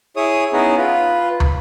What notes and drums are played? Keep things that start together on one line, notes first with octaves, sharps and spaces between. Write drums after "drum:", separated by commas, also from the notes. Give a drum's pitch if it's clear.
E4 G#4 C#5 D#6
B3 C#4 D#4 E4 G#4
F4 B4
drum: tom